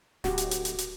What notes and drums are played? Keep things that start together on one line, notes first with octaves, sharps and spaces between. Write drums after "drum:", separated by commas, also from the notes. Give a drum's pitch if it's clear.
D1 F#4 G4, drum: snare
drum: hi-hat
drum: hi-hat
drum: hi-hat
drum: hi-hat